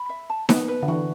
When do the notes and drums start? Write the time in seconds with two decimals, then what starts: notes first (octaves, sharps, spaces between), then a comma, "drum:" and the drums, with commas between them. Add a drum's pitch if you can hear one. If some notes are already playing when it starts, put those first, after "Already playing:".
Already playing: B5
0.09 E5
0.30 A5
0.49 B3 B4, drum: snare D#4
0.68 B4
0.82 D3
0.88 E3 F#4